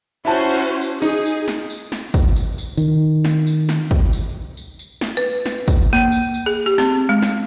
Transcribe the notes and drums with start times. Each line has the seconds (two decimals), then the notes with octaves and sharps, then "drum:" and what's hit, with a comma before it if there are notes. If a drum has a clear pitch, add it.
0.25 C#4 E4 F#4 C5 A5
0.59 drum: tambourine
0.81 drum: tambourine
1.02 D#4 G#4, drum: tambourine
1.26 drum: tambourine
1.48 drum: snare
1.70 drum: tambourine
1.92 drum: snare
2.14 drum: kick, tambourine
2.36 drum: tambourine
2.58 drum: tambourine
2.77 D#3, drum: tambourine
3.25 drum: snare
3.47 drum: tambourine
3.69 drum: snare
3.91 drum: kick
4.13 drum: tambourine
4.57 drum: tambourine
4.79 drum: tambourine
5.01 drum: snare
5.17 B4
5.46 drum: snare
5.68 drum: kick, tambourine
5.93 A#3
6.12 drum: tambourine
6.34 drum: tambourine
6.46 G#4
6.66 G4
6.78 C4, drum: snare
7.09 G#3
7.22 drum: snare